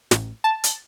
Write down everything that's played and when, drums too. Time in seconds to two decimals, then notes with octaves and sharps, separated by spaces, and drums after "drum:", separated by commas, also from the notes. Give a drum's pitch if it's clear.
0.11 A1, drum: snare
0.44 A5
0.64 drum: hi-hat